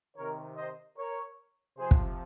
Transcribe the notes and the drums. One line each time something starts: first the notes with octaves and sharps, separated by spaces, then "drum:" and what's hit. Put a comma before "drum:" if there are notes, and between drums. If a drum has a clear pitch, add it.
C3 D#3 A#4 C#5
C5 D#5
A#4 C#5
C3 F3 G#4 C5
drum: kick